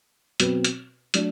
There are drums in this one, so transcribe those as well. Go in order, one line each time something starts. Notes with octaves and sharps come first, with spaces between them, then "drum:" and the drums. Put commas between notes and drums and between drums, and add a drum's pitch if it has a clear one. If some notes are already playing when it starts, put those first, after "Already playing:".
B2 F#3 C4 F#4 B4, drum: hi-hat
drum: hi-hat
F#3 A3 D4 F#4, drum: hi-hat